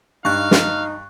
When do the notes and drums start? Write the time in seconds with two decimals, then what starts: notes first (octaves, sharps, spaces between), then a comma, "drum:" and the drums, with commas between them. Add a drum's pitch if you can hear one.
0.25 G2 D#4 F5 C#6 F#6
0.51 drum: snare